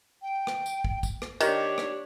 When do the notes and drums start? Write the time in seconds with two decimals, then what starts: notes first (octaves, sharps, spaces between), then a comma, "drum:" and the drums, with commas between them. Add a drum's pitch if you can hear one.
0.22 G5
0.47 drum: rim click
0.66 drum: tambourine
0.84 drum: kick
1.03 drum: kick, tambourine
1.22 drum: rim click
1.40 D#3 D4 G4 C#5, drum: tambourine
1.78 drum: rim click